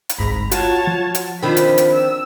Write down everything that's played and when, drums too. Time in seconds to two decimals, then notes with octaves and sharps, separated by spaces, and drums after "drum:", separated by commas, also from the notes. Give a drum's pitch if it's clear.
0.09 drum: hi-hat
0.19 G1 C2 G#2 A#5 B5
0.51 F4 F#4 C#5 A5, drum: hi-hat
0.87 F3
1.15 drum: hi-hat
1.43 D#3 C4 D4 F4 B5 B6
1.57 drum: hi-hat
1.78 drum: hi-hat
1.93 E6